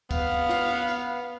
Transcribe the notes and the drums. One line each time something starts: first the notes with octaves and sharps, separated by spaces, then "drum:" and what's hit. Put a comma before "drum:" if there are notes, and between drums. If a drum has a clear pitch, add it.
B3 F5, drum: kick, tambourine
drum: snare
drum: tambourine